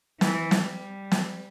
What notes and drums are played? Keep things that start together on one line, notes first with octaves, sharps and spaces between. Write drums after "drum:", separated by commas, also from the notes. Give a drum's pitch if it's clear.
E3, drum: snare
G3, drum: snare
drum: snare